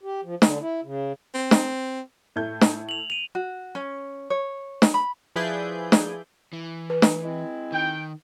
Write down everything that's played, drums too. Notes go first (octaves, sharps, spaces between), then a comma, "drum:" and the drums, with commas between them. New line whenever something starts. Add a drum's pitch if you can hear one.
G4
F3
D3, drum: snare
E4
C#3
C4
drum: snare
A2 A3 G6
drum: snare
F7 F#7
D#7 F7
F#4
C#4
C#5
drum: snare
B5
F3 E4 G#4 B4 D5 G6
drum: snare
E3
B4
drum: snare
G#3 C4 E4
D#3 G5